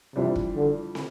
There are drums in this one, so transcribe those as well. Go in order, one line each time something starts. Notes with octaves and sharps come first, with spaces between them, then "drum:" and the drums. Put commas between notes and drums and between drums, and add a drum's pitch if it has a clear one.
F2 C3 E3 G3 D4 F4
drum: kick
D3
drum: snare